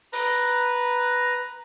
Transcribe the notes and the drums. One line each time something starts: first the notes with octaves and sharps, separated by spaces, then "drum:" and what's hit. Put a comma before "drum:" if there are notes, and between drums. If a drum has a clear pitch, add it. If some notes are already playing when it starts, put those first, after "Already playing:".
B4 A#5, drum: open hi-hat